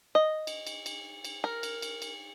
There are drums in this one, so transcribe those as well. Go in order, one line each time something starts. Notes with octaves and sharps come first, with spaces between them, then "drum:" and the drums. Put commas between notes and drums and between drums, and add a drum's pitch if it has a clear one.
D#5
drum: cymbal
drum: cymbal
drum: cymbal
drum: cymbal
A#4
drum: cymbal
drum: cymbal
drum: cymbal